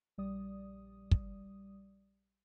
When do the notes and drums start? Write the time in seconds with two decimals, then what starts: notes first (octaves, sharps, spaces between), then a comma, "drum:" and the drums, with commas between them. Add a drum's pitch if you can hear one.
0.18 A#1 G3 D5 D#6
1.11 drum: kick